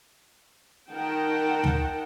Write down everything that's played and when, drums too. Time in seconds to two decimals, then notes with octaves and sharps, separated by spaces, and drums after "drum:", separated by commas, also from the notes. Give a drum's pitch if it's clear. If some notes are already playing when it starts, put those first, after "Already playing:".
0.89 D#3 A#4 F#5 G5 A5
1.64 drum: tom